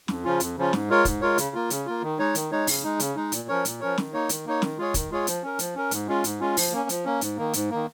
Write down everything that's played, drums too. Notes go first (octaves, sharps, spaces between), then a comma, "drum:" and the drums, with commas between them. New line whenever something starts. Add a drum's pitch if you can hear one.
F2, drum: snare
C#3 F3 C#4 F4
F2, drum: hi-hat
C#3 F3 C#4 F4
G#2, drum: snare
G#3 F4 A#4 C#5
G#2, drum: kick, hi-hat
G#3 F4 A#4 C#5
C#3, drum: hi-hat
A#3 F4
C#3, drum: hi-hat
A#3 F4
D#3
G#3 D#4 C#5
D#3, drum: hi-hat
G#3 D#4 C#5
C#3, drum: open hi-hat
G#3 D#4
C#3, drum: hi-hat
G#3 D#4
A#2, drum: hi-hat
F3 C#4 A#4 C#5
A#2, drum: hi-hat
F3 C#4 A#4 C#5
D#3, drum: snare
A#3 D#4 C#5
D#3, drum: hi-hat
A#3 D#4 C#5
D#3, drum: snare
G#3 F4 G#4 C#5
D#3, drum: kick, hi-hat
G#3 F4 G#4 C#5
F3, drum: hi-hat
C#4 A#4
F3, drum: hi-hat
C#4 A#4
G#2, drum: hi-hat
G#3 C#4 F4
G#2, drum: hi-hat
G#3 C#4 F4
F3, drum: open hi-hat
A#3 C#4
F3, drum: hi-hat
A#3 C#4
G#2, drum: hi-hat
D#3 A#3
G#2, drum: hi-hat
D#3 A#3